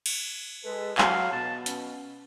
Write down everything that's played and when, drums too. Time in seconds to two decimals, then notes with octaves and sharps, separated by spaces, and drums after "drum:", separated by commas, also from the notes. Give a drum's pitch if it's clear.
0.06 drum: cymbal
0.65 G#3 A4 B4
0.98 F#3 F5, drum: clap
1.32 B2 A5
1.66 C#4, drum: hi-hat